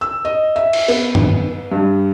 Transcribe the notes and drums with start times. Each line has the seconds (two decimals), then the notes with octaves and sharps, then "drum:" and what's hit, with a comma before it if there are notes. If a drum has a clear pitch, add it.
0.01 E6
0.25 D#5
0.56 E5
0.73 drum: cymbal
0.88 B3, drum: open hi-hat
1.15 drum: tom
1.72 G2